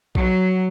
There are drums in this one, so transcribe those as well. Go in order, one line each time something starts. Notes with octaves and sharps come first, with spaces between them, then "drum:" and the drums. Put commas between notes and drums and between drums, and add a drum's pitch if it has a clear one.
F#3, drum: kick A#1